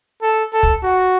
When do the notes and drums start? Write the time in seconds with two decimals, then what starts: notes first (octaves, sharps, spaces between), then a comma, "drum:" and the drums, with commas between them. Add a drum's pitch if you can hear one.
0.22 A4
0.53 A4
0.63 drum: kick
0.83 F#4